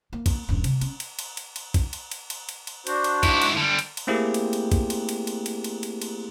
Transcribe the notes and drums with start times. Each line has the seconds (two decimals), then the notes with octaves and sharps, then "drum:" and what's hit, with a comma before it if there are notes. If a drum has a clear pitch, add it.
0.13 A#3
0.26 drum: kick, cymbal
0.49 D#1 G2
0.64 C3, drum: cymbal
0.81 C#4, drum: cymbal
1.00 drum: cymbal
1.19 drum: cymbal
1.37 drum: cymbal
1.56 drum: cymbal
1.74 drum: kick, cymbal
1.93 drum: cymbal
2.11 drum: cymbal
2.30 drum: cymbal
2.49 drum: cymbal
2.67 drum: cymbal
2.87 D4 F#4 C5, drum: cymbal
3.04 drum: cymbal
3.23 G#2 E4, drum: kick, cymbal
3.42 drum: cymbal
3.57 D3 G3
3.79 drum: cymbal
3.97 drum: cymbal
4.07 A3 A#3 C4 E4 G4 G#4
4.34 drum: cymbal
4.53 drum: cymbal
4.72 drum: kick, cymbal
4.90 drum: cymbal
5.09 drum: cymbal
5.27 drum: cymbal
5.46 drum: cymbal
5.64 drum: cymbal
5.83 drum: cymbal
6.02 drum: cymbal